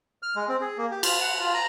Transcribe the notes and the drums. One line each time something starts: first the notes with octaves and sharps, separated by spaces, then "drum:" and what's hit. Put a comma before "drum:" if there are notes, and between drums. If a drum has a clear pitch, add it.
F6
G#3
C4
G#4
A#3
G4
F4, drum: cymbal
F#5
F4
A#5